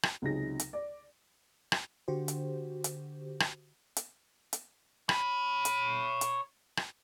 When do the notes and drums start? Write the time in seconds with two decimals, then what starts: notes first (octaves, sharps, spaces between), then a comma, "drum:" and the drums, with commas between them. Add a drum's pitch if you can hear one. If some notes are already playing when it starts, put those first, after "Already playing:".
0.03 drum: rim click
0.22 C#2 C3 F#3 D#4 G#4 A#6
0.60 drum: hi-hat
0.73 D5
1.72 drum: rim click
2.08 D3 F#4 G4 C5
2.28 drum: hi-hat
2.84 drum: hi-hat
3.40 drum: rim click
3.97 drum: hi-hat
4.53 drum: hi-hat
5.09 C#5 B5, drum: rim click
5.65 drum: hi-hat
6.21 drum: hi-hat
6.77 drum: rim click